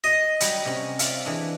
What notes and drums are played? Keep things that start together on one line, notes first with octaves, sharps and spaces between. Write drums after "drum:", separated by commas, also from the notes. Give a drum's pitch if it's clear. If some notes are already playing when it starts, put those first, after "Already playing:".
D#5
F#3 G3 B5, drum: hi-hat
C3 C#4
F4 D5 E5, drum: hi-hat
E3 G#3 D4